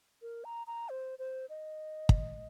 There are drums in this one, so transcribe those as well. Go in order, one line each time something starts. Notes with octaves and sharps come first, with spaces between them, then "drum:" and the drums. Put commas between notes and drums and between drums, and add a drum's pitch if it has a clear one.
A#4
A#5
A#5
C5
C5
D#5
drum: kick